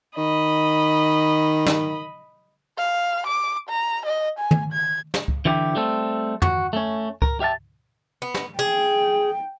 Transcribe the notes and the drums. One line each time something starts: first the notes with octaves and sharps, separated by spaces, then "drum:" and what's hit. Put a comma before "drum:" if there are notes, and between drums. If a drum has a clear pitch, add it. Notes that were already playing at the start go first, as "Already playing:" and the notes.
D#3 D#5 B5
drum: snare
F5
D6
A#5
D#5
G#5
drum: tom
G#6
drum: snare
drum: kick C#2
D3 E3 E4 G4
G3 A3 C4 A4
F#4, drum: tom
A3 C#4
A#4, drum: kick C#2
G4 E5 F5 A5
B3
drum: snare
G#4 G5